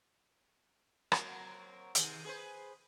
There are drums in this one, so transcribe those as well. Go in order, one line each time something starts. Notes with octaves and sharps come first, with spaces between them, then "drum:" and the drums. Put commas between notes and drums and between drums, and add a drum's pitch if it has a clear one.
F#3 A#3 C4, drum: rim click
C3 D#3 G#4, drum: hi-hat
G#4 B4 C5